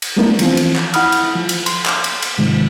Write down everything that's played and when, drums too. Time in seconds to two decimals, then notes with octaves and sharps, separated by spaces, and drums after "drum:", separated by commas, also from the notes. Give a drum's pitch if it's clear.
0.02 drum: cymbal
0.16 G3 A3 B3 D4 E4 A#4
0.39 E3 F3 C4, drum: cymbal
0.57 drum: cymbal
0.76 drum: clap
0.94 E4 F#5 B5 D#6 F6, drum: cymbal
1.12 drum: cymbal
1.36 F3
1.49 drum: cymbal
1.66 C6, drum: cymbal
1.86 drum: clap
2.04 drum: cymbal
2.22 drum: cymbal
2.38 G#2 C3 D#3 F3 G#3